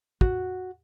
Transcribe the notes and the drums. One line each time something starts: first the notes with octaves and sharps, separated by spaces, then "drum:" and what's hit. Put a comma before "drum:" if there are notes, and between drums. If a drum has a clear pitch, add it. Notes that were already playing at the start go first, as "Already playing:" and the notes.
F#4, drum: kick